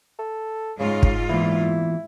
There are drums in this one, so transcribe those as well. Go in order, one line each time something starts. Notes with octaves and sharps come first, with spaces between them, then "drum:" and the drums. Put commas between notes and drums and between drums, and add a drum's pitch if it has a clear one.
A4
G#2 C#3 F4
drum: kick
E2 A#2 E3 E4